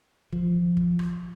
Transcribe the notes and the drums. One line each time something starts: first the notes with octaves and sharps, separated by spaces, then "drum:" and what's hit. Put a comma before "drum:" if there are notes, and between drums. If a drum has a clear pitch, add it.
F3, drum: kick
drum: kick
drum: rim click